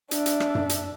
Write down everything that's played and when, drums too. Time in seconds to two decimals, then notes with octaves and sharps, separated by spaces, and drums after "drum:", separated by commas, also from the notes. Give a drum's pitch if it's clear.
0.11 D4 E5, drum: hi-hat
0.26 drum: hi-hat
0.40 drum: rim click
0.55 drum: tom F#2
0.69 drum: hi-hat